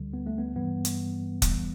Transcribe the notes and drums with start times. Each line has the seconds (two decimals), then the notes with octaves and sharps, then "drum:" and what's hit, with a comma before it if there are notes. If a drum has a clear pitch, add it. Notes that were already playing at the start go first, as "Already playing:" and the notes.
Already playing: D2 D3 G3
0.13 B3
0.26 A3
0.38 B3
0.56 G2 E3 G3 B3
0.85 drum: hi-hat
1.42 E2 E3 G3, drum: kick, hi-hat